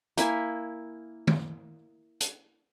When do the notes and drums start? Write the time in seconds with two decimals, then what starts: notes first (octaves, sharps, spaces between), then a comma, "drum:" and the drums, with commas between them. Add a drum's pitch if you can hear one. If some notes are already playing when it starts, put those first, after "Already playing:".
0.17 A#3 E4 E5 G#5, drum: hi-hat
1.27 drum: tom D#3
2.21 drum: hi-hat